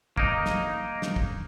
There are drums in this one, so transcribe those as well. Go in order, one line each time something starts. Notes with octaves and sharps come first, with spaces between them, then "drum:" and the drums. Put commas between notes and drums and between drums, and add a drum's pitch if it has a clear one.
A#3 D#4, drum: kick
drum: snare
drum: snare
drum: kick